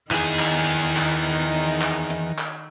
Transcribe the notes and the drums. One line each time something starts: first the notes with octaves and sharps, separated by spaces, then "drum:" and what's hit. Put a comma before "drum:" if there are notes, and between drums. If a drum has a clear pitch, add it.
D#3 E3 D#4 G#4, drum: clap
drum: clap
drum: clap
drum: open hi-hat
drum: clap
drum: hi-hat
drum: clap